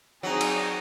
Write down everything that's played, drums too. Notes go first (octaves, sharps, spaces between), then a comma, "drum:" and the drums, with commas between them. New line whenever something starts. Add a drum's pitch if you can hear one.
F#3 C4 D#4 G#4
drum: cymbal